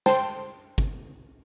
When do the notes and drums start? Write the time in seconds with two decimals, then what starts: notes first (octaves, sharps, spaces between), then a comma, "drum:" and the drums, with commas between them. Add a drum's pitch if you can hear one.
0.06 C5 G5 A5 C6, drum: snare
0.78 drum: kick